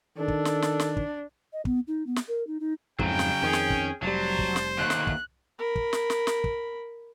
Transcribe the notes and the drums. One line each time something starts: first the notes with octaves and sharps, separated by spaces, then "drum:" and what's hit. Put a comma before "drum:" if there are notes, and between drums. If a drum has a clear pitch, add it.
D#3 D4 A4
drum: kick
drum: snare
drum: snare
drum: snare
drum: kick
D#5
B3, drum: kick
D#4
B3
drum: snare
A#4
D#4
D#4
F2 G#2 C#3 F#3 G5, drum: kick
drum: snare
F2 D#3 C#4 G#4
drum: snare
drum: kick
F1 F#3 G3 C5 A5
drum: kick
drum: snare
D#2 D3 F#6
drum: snare
drum: kick
A#4 B5
drum: kick
drum: snare
drum: snare
drum: snare
drum: kick